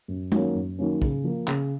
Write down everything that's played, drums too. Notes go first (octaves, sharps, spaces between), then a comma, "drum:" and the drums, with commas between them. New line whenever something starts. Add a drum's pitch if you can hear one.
F#2
D#3 F#3 A#3 C#4, drum: tom
F#2
D#3 F#3 A#3 C#4
C#3, drum: kick
F3 A#3
C#3, drum: clap